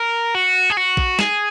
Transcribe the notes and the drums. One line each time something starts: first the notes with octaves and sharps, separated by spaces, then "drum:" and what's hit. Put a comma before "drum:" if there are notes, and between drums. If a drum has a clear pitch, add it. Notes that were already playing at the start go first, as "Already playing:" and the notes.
Already playing: A#4
F#4
G#4
F#4
drum: kick A#1
G#4, drum: snare